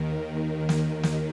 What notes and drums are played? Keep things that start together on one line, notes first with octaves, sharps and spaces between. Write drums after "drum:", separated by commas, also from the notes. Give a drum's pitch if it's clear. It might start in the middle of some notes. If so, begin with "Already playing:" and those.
Already playing: D#2 D#3
drum: snare
drum: snare